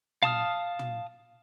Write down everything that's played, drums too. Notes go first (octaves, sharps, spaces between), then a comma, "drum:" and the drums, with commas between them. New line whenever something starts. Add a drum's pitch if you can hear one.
F5 A5 D#6 F6, drum: tom
drum: tom